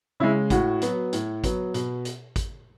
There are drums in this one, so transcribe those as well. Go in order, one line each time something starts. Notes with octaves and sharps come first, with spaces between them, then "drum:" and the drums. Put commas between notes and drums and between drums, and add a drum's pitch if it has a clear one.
C#3 G#3 E4
A2 F#4, drum: kick G#1, hi-hat
F#3 B3, drum: hi-hat
A2, drum: hi-hat
F#3 B3, drum: kick G#1, hi-hat
B2, drum: hi-hat
drum: hi-hat
drum: kick G#1, hi-hat